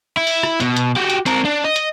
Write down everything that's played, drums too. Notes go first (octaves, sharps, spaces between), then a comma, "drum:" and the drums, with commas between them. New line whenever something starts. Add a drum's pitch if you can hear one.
E4
drum: open hi-hat
drum: rim click
B2, drum: hi-hat
drum: hi-hat
F#4 G4
drum: hi-hat
C4 A#4, drum: hi-hat
D4
D#5
drum: hi-hat